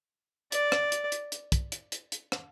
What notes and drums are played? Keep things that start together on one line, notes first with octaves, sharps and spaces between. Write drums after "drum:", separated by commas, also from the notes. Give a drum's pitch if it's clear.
D5, drum: hi-hat
drum: rim click
drum: hi-hat
drum: hi-hat
drum: hi-hat
drum: kick, hi-hat
drum: hi-hat
drum: hi-hat
drum: hi-hat
drum: rim click